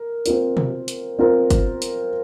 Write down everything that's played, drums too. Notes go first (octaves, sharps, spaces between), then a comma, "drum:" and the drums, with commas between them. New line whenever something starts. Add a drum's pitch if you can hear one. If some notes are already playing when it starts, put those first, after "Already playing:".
Already playing: A#4
C4 F4 A#4, drum: hi-hat
drum: tom B2
drum: hi-hat
C4 F4 A#4
drum: kick G1, hi-hat
drum: hi-hat